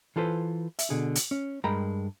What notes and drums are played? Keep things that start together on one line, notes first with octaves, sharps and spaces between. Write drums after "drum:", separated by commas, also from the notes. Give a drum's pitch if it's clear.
E3 F4 A4 B4 C5
E5, drum: hi-hat
B2 D3 G#4
drum: hi-hat
C#4
G2 G#3 A#4 G5 A#5 B5